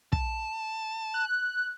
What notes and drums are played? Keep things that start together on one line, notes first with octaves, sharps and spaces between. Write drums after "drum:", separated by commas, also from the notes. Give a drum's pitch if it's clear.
A5, drum: kick
F#6